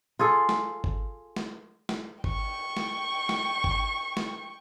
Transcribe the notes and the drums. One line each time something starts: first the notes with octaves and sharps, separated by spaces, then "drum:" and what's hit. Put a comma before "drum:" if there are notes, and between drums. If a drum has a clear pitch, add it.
F4 G#4 A4
drum: snare
drum: kick
drum: snare
drum: snare
G5 C#6, drum: kick
drum: snare
drum: snare
drum: kick
drum: snare